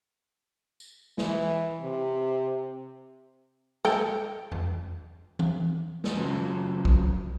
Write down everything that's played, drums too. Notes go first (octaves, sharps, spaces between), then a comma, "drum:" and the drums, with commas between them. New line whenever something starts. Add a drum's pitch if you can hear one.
drum: tambourine
E3, drum: snare
C3
A4 D#5 G5, drum: snare
drum: tom F2
drum: tom E3
drum: snare
F#2 C#3 F3 F#3
drum: kick